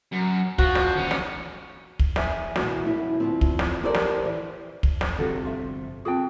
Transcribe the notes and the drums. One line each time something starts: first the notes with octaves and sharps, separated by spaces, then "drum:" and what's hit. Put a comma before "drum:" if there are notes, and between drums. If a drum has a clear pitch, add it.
F#2
F3 F#4, drum: kick
drum: snare
D#2 C#4
drum: snare
drum: kick
G#4 E5 G#5, drum: snare
B2 E3 F#3 G#3 F#4, drum: snare
F#2 E4
D2 F3 C4
drum: kick
drum: snare
C4 G4 A4 A#4 C5 D5
drum: snare
E3
drum: kick
drum: snare
G1 F2 C3 F#4 A4
F4 E5
C4 F4 G#4 B4 G5